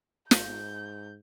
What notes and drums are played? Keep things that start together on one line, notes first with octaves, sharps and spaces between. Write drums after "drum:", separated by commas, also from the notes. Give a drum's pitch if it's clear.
G#2 G6, drum: snare